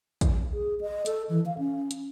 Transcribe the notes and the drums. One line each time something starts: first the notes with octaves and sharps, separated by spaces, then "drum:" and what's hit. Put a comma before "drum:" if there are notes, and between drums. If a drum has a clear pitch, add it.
drum: kick, hi-hat
G#4
D#5
A4, drum: hi-hat
E3
F5
C#4
drum: hi-hat